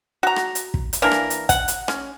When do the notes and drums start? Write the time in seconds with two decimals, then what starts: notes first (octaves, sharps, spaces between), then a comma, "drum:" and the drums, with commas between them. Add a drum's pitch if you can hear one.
0.23 F#4 A#5
0.36 drum: rim click
0.55 drum: hi-hat
0.74 drum: kick
0.93 drum: hi-hat
1.02 E3 A#3 D4 A#4
1.11 drum: rim click
1.30 drum: hi-hat
1.49 F#5, drum: kick, hi-hat
1.68 drum: hi-hat
1.88 C#4, drum: rim click